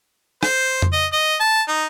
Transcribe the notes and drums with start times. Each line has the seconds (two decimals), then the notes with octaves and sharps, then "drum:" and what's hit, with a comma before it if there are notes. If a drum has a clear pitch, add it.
0.43 C5, drum: rim click
0.82 drum: tom F2
0.93 D#5
1.13 D#5
1.40 A5
1.68 D#4